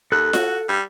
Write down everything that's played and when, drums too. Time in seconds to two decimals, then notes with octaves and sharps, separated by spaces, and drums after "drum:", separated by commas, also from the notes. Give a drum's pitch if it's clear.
0.12 D#2 A4 F#6
0.33 F#4, drum: snare F4
0.69 G3